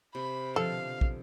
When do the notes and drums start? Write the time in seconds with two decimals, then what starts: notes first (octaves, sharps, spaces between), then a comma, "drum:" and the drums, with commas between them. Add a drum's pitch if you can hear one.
0.15 C3 B5
0.56 B2 D3 F3 A4 F5
1.01 drum: kick